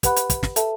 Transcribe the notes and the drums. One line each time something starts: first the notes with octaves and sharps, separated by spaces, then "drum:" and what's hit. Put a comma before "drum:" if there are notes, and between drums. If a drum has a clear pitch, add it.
G4 B4 F#5 B5 F#6, drum: kick, hi-hat
drum: hi-hat
drum: kick, hi-hat
drum: snare
A4 E5 A5, drum: hi-hat